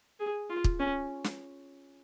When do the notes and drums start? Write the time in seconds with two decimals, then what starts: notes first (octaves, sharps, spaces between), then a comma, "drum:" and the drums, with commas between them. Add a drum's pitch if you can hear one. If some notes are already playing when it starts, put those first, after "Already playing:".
0.20 G#4
0.50 F4
0.64 drum: kick
0.79 C#4
1.24 drum: snare